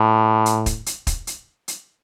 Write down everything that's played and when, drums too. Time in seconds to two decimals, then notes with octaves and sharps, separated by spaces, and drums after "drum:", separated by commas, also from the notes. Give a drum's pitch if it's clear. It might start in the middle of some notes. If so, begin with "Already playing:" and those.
Already playing: A2
0.46 drum: hi-hat
0.66 drum: kick, hi-hat
0.86 drum: hi-hat
1.07 drum: kick, hi-hat
1.27 drum: hi-hat
1.68 drum: hi-hat